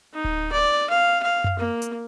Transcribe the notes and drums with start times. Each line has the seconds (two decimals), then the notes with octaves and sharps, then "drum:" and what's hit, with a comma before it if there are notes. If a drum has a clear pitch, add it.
0.14 D#4
0.24 drum: kick D1
0.52 D5
0.90 F5
1.23 F5
1.44 drum: tom F#2
1.59 A#3
1.82 drum: hi-hat